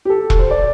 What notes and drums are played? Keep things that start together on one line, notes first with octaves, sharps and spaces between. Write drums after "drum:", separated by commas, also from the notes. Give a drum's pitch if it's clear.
G4
A4
drum: kick E1
C5
D5